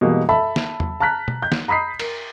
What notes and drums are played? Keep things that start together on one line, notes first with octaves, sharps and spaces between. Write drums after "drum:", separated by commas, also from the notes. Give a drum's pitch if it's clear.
B2 E3 G3 G#3 A#3
A4 E5 A5 B5
drum: snare
drum: tom E2
A5 A#5 F6 F#6 B6
drum: tom
G6
drum: snare
A#5 B5 D#6 B6 C7
A#4, drum: cymbal